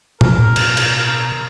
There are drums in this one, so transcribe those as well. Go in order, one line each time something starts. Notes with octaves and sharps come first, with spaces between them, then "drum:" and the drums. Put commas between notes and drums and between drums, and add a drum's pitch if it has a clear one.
B2 A#4, drum: tom
drum: cymbal
drum: cymbal